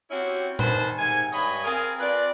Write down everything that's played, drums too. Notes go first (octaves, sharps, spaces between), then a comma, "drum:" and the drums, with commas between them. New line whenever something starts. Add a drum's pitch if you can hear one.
C4 C#4 E4 F#4 G4 C#5
D#3 G3 B4 C5 G#5 A5, drum: tom A#2
G#2 C3 D#3 G#5
G2 C#5 D#5 G#5 B5, drum: open hi-hat
C4 G#4 A#4 F5 G#5
C4 F4 B4 D5